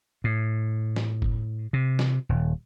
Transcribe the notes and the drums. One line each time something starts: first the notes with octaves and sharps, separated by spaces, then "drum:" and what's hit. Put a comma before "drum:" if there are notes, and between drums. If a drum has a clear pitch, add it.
A2
drum: snare
drum: kick F#1
C3
drum: snare
D#1